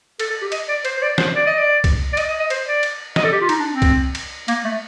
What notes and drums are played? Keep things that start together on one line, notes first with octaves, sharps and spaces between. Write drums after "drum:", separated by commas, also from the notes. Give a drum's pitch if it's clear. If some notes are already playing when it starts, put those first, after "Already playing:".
A4, drum: cymbal
A4
G4
D#5, drum: cymbal
D5
C5, drum: cymbal
C5
D5
C5, drum: snare
D5
D#5
D5
drum: kick C2, cymbal
D5
D#5, drum: cymbal
D#5
D#5
C5, drum: cymbal
D5
drum: cymbal
D#5, drum: snare
A4
G4
F4
D#4, drum: cymbal
D4
C4
drum: kick C2, cymbal
drum: cymbal
A#3, drum: cymbal
A3